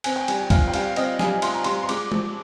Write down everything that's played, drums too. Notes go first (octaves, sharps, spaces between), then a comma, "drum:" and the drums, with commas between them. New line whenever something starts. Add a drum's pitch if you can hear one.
C4 G#5, drum: cymbal
G5
G3 G#5, drum: cymbal
G#5
F4 F5, drum: kick, cymbal
G5
G3 F5, drum: cymbal
C4 D#5, drum: cymbal
G3 G#5, drum: snare
F4 C6, drum: cymbal
A#5
G3 C6, drum: cymbal
C6
G#3 D6, drum: cymbal
F3, drum: tom G#3